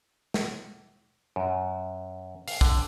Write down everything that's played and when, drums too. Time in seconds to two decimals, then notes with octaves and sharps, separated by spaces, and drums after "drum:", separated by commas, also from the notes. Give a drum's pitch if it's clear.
0.34 drum: snare
1.36 F#2
2.48 F5, drum: open hi-hat
2.61 D3, drum: kick